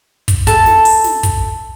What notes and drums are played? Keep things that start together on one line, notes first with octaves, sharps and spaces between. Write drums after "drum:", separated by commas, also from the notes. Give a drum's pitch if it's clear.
drum: kick, hi-hat
A4, drum: kick, hi-hat
drum: snare
drum: open hi-hat
drum: snare
drum: kick, hi-hat